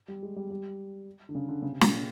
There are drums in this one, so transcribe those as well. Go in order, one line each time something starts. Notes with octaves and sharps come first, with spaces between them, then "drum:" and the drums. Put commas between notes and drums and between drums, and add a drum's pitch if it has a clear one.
G3
G#3
G3
G3
D3
C#3
D3
C#3
C3
A#2, drum: snare